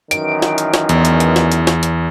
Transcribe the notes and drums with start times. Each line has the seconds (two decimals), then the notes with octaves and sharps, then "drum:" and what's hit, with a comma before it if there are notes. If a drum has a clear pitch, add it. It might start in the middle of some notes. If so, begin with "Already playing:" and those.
0.11 F#2 D#3 E3 D7, drum: hi-hat
0.42 drum: snare
0.58 drum: hi-hat
0.74 drum: snare
0.89 E2, drum: hi-hat
1.05 drum: hi-hat
1.20 drum: hi-hat
1.36 drum: snare
1.52 drum: hi-hat
1.67 drum: snare
1.83 drum: hi-hat